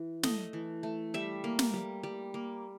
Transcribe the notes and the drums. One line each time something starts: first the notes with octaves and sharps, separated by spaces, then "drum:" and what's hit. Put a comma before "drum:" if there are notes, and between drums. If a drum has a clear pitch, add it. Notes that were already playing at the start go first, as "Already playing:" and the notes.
Already playing: E3
A3 D#5, drum: snare
E3
A3
G3 E5
A#3
drum: snare
G3
G3
A#3